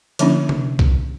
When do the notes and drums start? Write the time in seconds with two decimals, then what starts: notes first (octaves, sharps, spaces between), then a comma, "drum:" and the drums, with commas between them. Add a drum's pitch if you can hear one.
0.19 D3 F3 A#3 C#4 D4 E4, drum: hi-hat
0.49 drum: tom C3
0.79 drum: kick